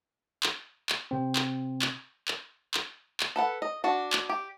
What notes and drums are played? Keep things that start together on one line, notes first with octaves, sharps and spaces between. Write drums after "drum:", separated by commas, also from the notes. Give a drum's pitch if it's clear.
drum: clap
drum: clap
C3 C4
drum: clap
drum: clap
drum: clap
drum: clap
drum: clap
A4 B4 F#5
D#5
D4 F#4
drum: clap
G4